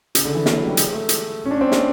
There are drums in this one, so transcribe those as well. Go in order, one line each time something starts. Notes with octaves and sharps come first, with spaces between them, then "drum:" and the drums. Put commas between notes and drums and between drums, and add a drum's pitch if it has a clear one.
C#3, drum: hi-hat
D3
E3
drum: snare
F#3
G3
G#3, drum: hi-hat
A3
drum: hi-hat
C#4
D4
C4
drum: snare